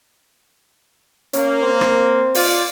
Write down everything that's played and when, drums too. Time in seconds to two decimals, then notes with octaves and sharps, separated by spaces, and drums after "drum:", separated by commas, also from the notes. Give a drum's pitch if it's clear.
1.33 A#3 C#4, drum: hi-hat
1.62 C4
1.81 drum: rim click
2.35 F4 D5, drum: open hi-hat